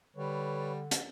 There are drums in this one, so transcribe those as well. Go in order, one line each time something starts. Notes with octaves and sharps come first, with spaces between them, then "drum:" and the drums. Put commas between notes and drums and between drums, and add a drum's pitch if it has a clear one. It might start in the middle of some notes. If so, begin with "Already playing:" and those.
D3 G3 B4 C#5
drum: hi-hat